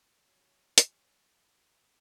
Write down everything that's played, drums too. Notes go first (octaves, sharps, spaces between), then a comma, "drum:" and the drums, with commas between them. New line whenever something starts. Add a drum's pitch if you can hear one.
F#3 C#4
drum: hi-hat